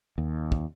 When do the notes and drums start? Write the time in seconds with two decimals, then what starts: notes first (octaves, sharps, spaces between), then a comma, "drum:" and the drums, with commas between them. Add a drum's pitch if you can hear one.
0.18 D#2
0.52 drum: kick